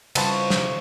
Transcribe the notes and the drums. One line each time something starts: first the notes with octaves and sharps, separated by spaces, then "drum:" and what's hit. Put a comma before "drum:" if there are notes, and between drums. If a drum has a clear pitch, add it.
C#3 F3 G3 C4 B4 C#5 A5, drum: cymbal
drum: snare